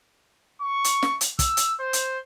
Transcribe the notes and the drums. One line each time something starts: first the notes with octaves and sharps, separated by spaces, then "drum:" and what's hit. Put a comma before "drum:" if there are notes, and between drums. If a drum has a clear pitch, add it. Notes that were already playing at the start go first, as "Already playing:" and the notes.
C#6
drum: hi-hat
drum: snare
drum: hi-hat
E6, drum: kick, hi-hat
drum: hi-hat
C5
drum: hi-hat